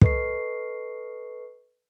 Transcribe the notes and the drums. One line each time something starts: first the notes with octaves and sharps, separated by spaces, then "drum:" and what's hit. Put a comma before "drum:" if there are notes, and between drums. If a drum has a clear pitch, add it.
A4 B4 D#5 C#6 C7, drum: kick